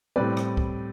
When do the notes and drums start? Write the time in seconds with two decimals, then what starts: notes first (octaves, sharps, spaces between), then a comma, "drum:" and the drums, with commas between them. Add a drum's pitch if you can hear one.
0.16 A2 G3 C4 B4 D5
0.37 drum: rim click
0.57 drum: kick